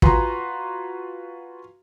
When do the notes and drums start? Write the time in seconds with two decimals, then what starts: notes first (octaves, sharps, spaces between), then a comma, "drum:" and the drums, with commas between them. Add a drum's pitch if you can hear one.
0.02 F4 F#4 B4 G#5 A#5 C6, drum: kick